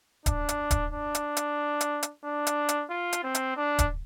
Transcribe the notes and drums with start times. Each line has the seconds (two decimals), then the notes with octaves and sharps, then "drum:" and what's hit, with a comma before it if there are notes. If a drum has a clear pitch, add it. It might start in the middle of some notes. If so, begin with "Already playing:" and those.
0.26 D4, drum: kick D1, hi-hat
0.49 drum: hi-hat
0.71 drum: kick D1, hi-hat
0.93 D4
1.15 drum: hi-hat
1.37 drum: hi-hat
1.81 drum: hi-hat
2.03 drum: hi-hat
2.25 D4
2.47 drum: hi-hat
2.69 drum: hi-hat
2.90 F4
3.13 drum: hi-hat
3.23 C4
3.35 drum: hi-hat
3.57 D4
3.79 drum: kick D1, hi-hat